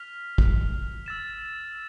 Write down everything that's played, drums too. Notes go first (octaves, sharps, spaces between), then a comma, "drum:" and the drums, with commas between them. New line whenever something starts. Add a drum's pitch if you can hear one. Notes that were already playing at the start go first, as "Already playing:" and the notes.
Already playing: F6 B6 F7
drum: kick
E6 A6 E7